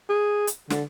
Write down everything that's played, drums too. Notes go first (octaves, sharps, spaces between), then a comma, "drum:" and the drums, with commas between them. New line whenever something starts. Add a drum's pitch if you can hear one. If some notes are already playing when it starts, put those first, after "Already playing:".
G#4
drum: hi-hat
D3, drum: snare